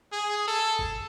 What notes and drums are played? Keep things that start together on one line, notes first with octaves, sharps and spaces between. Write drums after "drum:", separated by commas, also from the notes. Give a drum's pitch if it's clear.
G#4
A4
drum: kick G1